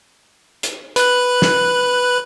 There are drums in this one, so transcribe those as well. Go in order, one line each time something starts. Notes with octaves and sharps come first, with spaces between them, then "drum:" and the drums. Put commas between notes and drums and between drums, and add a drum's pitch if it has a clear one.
drum: hi-hat
B4 F#6, drum: hi-hat
drum: snare